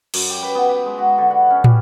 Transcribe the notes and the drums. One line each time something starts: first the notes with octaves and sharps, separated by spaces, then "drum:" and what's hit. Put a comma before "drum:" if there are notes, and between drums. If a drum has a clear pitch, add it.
F#2, drum: cymbal
G4
B4
B3
G4
G#3
F#4
D3
F#5
C#4
G3, drum: tom